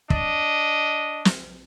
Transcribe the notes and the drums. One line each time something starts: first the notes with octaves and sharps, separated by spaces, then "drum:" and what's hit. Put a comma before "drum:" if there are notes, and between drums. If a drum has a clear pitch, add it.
D4 D#5, drum: kick
drum: snare